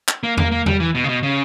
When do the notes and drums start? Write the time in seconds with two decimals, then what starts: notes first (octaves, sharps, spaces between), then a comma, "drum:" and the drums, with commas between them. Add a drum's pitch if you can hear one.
0.08 drum: clap
0.23 A#3
0.38 A#3, drum: tom E2
0.51 A#3
0.66 G3, drum: tom E2
0.80 E3
0.95 B2
1.04 C#3
1.09 B2
1.23 C#3